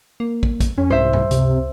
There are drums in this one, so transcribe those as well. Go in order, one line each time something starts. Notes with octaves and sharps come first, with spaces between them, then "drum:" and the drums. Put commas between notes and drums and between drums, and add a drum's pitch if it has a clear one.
A#3
drum: kick
drum: kick, hi-hat
F2 C#4
C2 G#2 C5 E5
drum: tom F#2
C#2 C3, drum: hi-hat